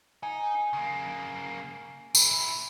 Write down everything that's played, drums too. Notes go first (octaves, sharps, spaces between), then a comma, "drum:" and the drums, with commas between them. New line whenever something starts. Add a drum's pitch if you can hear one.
D#4 G#5
C#3 A#3
A#2 E4, drum: tambourine